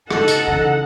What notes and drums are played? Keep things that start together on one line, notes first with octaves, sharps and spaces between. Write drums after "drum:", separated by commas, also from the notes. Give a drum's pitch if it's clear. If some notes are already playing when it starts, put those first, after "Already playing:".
C#3 D#4 A4 F#5, drum: rim click
drum: hi-hat
C#3 E3